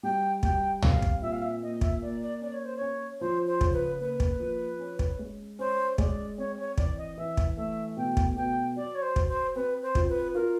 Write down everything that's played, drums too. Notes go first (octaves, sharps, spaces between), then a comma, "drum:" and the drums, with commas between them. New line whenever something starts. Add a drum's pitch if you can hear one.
G3 G5
G3 G5, drum: kick
C4 F5, drum: tom
drum: kick
A#2 E5
F5
E5
A#3 D#5
E5, drum: kick
A#3 D5
D5
C#4 D5
C#5
C5
C#4 C#5
F3 C5
C5
C#3, drum: kick
B4
A#3 B4
drum: kick
F3
C#4
drum: kick
G#3
C#4 C5
G#3 D5, drum: kick
C4 C#5
C#5
E3 D5, drum: kick
D#5
E3 E5
drum: kick
A3 E5
B2 G5
drum: kick
B2 G5
F#3 D5
C#5
C5
F#3, drum: kick
C5
C4 B4
C5
F4, drum: kick
B4
F4 A#4